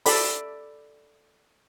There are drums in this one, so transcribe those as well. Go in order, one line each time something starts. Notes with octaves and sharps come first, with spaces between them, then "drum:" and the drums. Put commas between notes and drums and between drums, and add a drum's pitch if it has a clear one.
A4 D5 B5, drum: open hi-hat